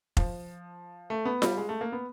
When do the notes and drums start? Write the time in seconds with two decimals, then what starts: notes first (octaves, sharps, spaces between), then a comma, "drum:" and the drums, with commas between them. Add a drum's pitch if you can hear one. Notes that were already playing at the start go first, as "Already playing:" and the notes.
0.17 F3, drum: kick F1
1.10 A3
1.25 B3
1.42 G3, drum: snare F4
1.57 G#3
1.69 A3
1.81 A#3
1.92 B3